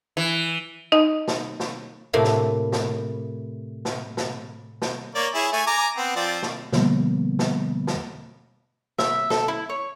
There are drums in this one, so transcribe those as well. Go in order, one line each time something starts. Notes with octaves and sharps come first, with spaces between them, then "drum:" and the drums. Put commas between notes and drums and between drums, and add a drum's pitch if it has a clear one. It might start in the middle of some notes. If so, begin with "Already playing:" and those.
E3
D#4 D#5
drum: snare
drum: snare
A2 C3 A3 A#3
drum: snare
drum: snare
drum: snare
drum: snare
drum: snare
A#3 C#5 D5
E4 G#4 C#5
A3 G#5
G#5 A#5 D6
B3 C4
F3 C4 D5
drum: snare
B2 D3 F3 G3 A#3 B3, drum: snare
drum: snare
drum: snare
E5, drum: snare
A4, drum: snare
E4
C#5